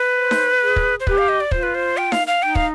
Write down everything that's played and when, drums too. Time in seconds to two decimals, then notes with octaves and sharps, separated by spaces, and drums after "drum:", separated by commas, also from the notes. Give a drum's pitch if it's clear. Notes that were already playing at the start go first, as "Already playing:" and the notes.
Already playing: B4
0.15 C5
0.31 drum: snare D#4
0.61 G#4
0.76 drum: kick
1.00 C5
1.07 G4 B4, drum: kick
1.18 F5
1.29 D#5
1.41 D5
1.51 F4 C5, drum: kick
1.63 B4
1.75 C5
1.98 G5
2.12 F5, drum: snare D#4
2.27 F5
2.43 D#4 G5
2.55 F5, drum: kick